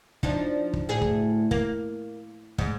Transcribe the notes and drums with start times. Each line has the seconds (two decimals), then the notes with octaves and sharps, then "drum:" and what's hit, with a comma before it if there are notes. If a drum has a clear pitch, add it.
0.23 F3 D4 D#4, drum: kick
0.73 drum: kick
0.89 D2 A2 G#4
1.02 drum: kick
1.51 A#3, drum: kick
2.58 G#2, drum: kick